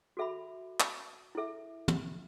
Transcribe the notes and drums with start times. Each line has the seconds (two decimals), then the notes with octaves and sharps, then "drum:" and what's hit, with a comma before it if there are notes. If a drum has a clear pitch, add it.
0.17 F#4 A4 E5 B5
0.80 drum: clap
1.35 E4 A4 E5
1.88 drum: tom